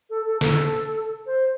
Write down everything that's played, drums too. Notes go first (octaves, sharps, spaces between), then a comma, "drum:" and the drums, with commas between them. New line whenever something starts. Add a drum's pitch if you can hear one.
A4
A4
A4, drum: snare
C5